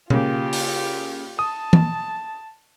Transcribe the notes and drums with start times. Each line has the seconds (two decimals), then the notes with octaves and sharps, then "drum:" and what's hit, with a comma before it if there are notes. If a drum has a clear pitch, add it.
0.10 C#3 A#3 F4 G4, drum: tom B2
0.53 drum: open hi-hat
1.39 A5 D#6
1.73 drum: tom